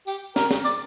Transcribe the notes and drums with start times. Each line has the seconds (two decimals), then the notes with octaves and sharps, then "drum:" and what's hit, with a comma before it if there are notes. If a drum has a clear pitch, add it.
0.07 G4, drum: tambourine
0.36 A#4, drum: snare
0.51 drum: snare
0.65 D5, drum: tambourine